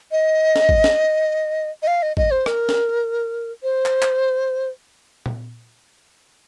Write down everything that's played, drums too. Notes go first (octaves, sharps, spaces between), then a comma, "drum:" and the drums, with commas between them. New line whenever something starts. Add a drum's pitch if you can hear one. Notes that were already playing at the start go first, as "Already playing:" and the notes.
D#5
drum: snare
drum: kick G#1
drum: snare
D#5
F5
D#5
D#5, drum: kick G#1
C5
A#4, drum: rim click
drum: snare
C5
drum: clap
drum: clap
drum: tom A#2